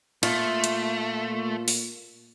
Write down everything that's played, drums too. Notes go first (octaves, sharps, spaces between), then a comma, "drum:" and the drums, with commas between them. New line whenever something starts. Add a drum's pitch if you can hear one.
A#2 A3 F4, drum: cymbal
drum: hi-hat
drum: open hi-hat